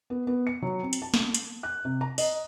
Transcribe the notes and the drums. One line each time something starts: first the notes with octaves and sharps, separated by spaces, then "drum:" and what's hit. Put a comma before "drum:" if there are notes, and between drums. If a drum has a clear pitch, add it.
B3
B3
C#7
F#3
C4
drum: hi-hat
A5
drum: snare
drum: hi-hat
F#6
C3
A#5
D#5, drum: open hi-hat